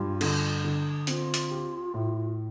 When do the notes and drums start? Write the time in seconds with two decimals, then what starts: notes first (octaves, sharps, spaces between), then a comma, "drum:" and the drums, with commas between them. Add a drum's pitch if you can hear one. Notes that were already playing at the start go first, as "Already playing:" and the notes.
Already playing: G2 F4
0.21 D3, drum: cymbal
0.64 D3
1.07 C4 F4, drum: hi-hat
1.34 drum: hi-hat
1.51 G4
1.94 A2